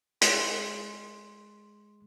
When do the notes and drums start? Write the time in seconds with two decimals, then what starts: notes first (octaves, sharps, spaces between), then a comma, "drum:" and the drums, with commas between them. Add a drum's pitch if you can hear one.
0.21 G#3 C6, drum: hi-hat